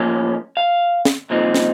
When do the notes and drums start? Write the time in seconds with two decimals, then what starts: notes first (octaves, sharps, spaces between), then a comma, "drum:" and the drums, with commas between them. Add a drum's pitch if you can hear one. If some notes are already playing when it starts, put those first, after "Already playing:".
Already playing: A2 F3 A#3 C#4
0.57 F5
1.05 drum: snare
1.30 C2 A#2 F3 C4 D#4
1.54 drum: snare